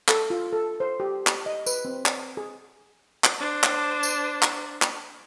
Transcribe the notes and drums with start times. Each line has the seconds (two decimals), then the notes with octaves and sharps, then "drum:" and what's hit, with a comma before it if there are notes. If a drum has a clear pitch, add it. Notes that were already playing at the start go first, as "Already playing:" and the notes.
0.08 A4, drum: clap
0.30 F4
0.53 A4
0.80 C5
1.00 G4
1.27 drum: clap
1.46 D#5
1.67 B4, drum: tambourine
1.85 C4
2.06 drum: clap
2.37 G#4
3.24 drum: clap
3.39 D4 C5
3.63 drum: clap
4.03 drum: tambourine
4.42 drum: clap
4.82 drum: clap